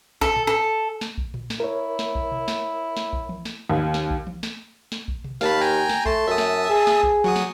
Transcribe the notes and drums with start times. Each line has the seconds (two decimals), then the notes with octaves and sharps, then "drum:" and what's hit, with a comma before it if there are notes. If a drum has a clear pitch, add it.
0.21 A4, drum: kick A#1
0.36 drum: tom A2
0.47 A4
1.01 drum: snare
1.18 drum: kick A#1
1.34 drum: tom A2
1.50 drum: snare
1.60 E4 A#4 C#5
1.99 drum: snare
2.15 drum: kick A#1
2.32 drum: tom B2
2.48 drum: snare
2.97 drum: snare
3.13 drum: kick A#1
3.29 drum: tom E3
3.45 drum: snare
3.70 D#2
3.94 drum: snare
4.10 drum: kick A#1
4.27 drum: tom E3
4.43 drum: snare
4.92 drum: snare
5.08 drum: kick A#1
5.24 drum: tom B2
5.41 D#2 F5 A5 B5, drum: snare
5.61 G5 G#5 A#5
5.89 drum: snare
6.06 A3 A5 C6, drum: kick A#1
6.27 F#2 E5 A5 D#6
6.38 drum: snare
6.69 G#4
6.87 drum: snare
7.03 drum: kick A#1
7.24 F#3 F#4 D#6
7.36 drum: snare